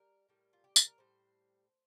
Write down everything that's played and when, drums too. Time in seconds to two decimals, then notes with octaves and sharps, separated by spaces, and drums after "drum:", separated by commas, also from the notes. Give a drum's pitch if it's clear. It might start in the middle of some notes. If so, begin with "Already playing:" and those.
Already playing: G3 A#4
0.29 A2 G3
0.53 F4
0.64 G4
0.76 A4, drum: tambourine
0.87 A#4
0.98 A2 G3 C5